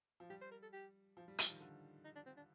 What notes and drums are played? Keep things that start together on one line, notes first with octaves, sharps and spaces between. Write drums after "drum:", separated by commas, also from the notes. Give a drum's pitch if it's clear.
F3
G3 G4
C5
A#4
A4
G4
F3
G3
F3, drum: hi-hat
D#3
D3
D#4
D4
C4
D4